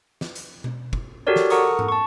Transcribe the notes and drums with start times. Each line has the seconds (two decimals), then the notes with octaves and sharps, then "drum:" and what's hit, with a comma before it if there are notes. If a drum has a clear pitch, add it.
0.21 drum: snare
0.35 drum: hi-hat
0.64 drum: tom B2
0.93 drum: kick
1.27 F#4 G4 A4 A#4 C#5 D5
1.36 drum: snare
1.50 A4 A#4 F#5 A#5 C#6 D#6, drum: hi-hat
1.79 drum: tom G#2
1.89 A5 C#6